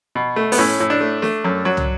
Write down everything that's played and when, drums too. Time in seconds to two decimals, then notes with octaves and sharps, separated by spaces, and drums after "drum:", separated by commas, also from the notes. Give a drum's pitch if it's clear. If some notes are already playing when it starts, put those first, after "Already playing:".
0.15 B2
0.36 A3
0.52 B3, drum: open hi-hat
0.58 A2 C#4
0.80 A2
0.90 D4
1.01 A3
1.22 A3, drum: snare
1.45 F#2
1.65 F#3
1.77 drum: tom